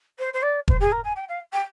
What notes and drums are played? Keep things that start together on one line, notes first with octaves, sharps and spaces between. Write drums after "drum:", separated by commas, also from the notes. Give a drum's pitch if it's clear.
C5
C5
D5
C5, drum: kick E1
G#4
A#4
G#5
G5
F5
G5